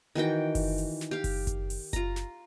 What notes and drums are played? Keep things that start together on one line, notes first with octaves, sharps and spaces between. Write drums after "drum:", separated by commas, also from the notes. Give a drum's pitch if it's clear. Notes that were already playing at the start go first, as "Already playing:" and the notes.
D#3 E3 F#4 G5
drum: kick F#1, open hi-hat
drum: open hi-hat
drum: snare
G4 F5
drum: kick F#1, open hi-hat
drum: kick F#1, hi-hat
drum: open hi-hat
F4 A#5, drum: kick F#1, hi-hat
drum: snare